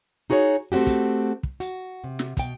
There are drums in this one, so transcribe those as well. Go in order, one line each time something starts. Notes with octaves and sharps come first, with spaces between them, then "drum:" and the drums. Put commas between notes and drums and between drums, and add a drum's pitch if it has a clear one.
D#4 F#4 G#4 C5 C#5
A3 C4 C#4 F#4 G4
drum: kick, hi-hat
drum: kick
F#4, drum: hi-hat
C3
drum: snare
B2 G5, drum: kick, hi-hat